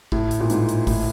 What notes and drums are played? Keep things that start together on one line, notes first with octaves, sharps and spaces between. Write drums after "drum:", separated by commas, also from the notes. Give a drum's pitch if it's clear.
A2, drum: kick
drum: hi-hat
A#2
G#2, drum: hi-hat
drum: hi-hat
A2, drum: kick, open hi-hat